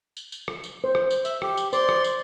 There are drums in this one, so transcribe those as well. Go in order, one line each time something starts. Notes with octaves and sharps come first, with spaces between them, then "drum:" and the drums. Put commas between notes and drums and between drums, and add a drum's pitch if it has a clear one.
drum: tambourine
drum: tambourine
drum: rim click
drum: tambourine
C5
drum: rim click
drum: tambourine
E5, drum: tambourine
G4, drum: rim click
drum: tambourine
C5 D5 C6, drum: tambourine
drum: rim click
drum: tambourine